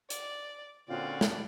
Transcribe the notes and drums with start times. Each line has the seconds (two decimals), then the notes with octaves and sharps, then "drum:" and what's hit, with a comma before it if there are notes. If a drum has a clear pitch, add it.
0.10 D5, drum: hi-hat
0.89 A#2 D3 C4 C#4 F4 F#4 D5
1.21 drum: snare